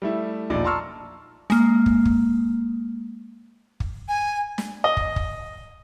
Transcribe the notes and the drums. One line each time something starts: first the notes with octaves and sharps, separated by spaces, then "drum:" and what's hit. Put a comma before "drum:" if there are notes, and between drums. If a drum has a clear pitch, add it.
G3 A3 E4
E1 A#1 D#4 F4 D5 D#5
A5 A#5 C6 C#6 E6 F6
G#3 A#3, drum: snare
drum: kick
drum: kick
drum: kick
G#5
drum: snare
D#5
drum: kick
drum: kick